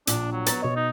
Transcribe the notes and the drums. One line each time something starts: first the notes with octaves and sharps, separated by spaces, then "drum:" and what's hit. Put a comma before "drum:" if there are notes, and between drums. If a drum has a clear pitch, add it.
A#1 D4, drum: hi-hat
F#3
B3 A#5 A6, drum: hi-hat
B2 C#5 D#5
D#4